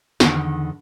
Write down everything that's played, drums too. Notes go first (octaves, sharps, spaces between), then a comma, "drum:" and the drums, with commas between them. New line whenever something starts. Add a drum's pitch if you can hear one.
E2 D3 D#3, drum: snare